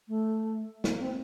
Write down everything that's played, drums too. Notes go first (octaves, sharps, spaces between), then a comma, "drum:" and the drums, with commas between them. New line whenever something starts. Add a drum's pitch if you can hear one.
A3
A#3, drum: snare
C4